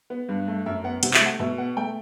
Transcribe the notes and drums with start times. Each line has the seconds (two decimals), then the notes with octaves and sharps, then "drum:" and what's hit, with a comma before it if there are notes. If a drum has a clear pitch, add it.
0.10 B3
0.29 G2
0.48 A3
0.66 F#2 E5
0.84 B3 F#5
1.03 C3 F#5, drum: hi-hat
1.14 E5, drum: clap
1.21 A3 F#5
1.40 B2 E5
1.58 B3 F#5
1.77 A3 G5